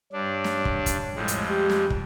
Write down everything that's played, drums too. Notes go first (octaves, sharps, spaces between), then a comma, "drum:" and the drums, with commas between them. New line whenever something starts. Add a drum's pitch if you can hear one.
G2 D4 C#5
drum: snare
drum: kick
drum: kick, hi-hat
F2 A2 G3 G#3
drum: hi-hat
G4
drum: snare
drum: kick